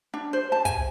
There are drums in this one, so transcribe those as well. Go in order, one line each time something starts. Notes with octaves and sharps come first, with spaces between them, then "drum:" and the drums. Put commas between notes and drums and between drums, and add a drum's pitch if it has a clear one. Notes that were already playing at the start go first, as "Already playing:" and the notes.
D4
C5
A5
G#5, drum: kick, hi-hat